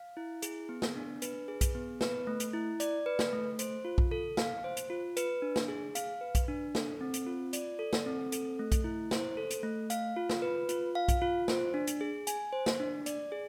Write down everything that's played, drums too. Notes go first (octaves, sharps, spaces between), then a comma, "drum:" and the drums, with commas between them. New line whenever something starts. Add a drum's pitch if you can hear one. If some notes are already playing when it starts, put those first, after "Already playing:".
Already playing: F5
E4
G#4, drum: hi-hat
B3
drum: snare
D4
B4, drum: hi-hat
G#4
drum: kick B1, hi-hat
B3
B4, drum: snare
A3
drum: hi-hat
E4
D5, drum: hi-hat
B4
drum: snare
A3
C5, drum: hi-hat
F4
drum: kick B1
A4
F5, drum: snare
C5
drum: hi-hat
F4
B4, drum: hi-hat
D4
drum: snare
G#4
F5, drum: hi-hat
B4
drum: kick B1, hi-hat
D4
A4, drum: snare
C4
drum: hi-hat
F4
D5, drum: hi-hat
A4
drum: snare
C4
A4, drum: hi-hat
A3
drum: kick B1, hi-hat
E4
C5, drum: snare
A4
drum: hi-hat
A3
F5, drum: hi-hat
F4
drum: snare
B4
F4, drum: hi-hat
F5
drum: kick B1, hi-hat
F4
C5, drum: snare
D4
drum: hi-hat
G#4
G#5, drum: hi-hat
C5
drum: snare
D4
D5, drum: hi-hat
G#4